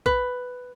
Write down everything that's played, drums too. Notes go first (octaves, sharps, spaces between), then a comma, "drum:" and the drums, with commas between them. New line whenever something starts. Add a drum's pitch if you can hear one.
B4, drum: kick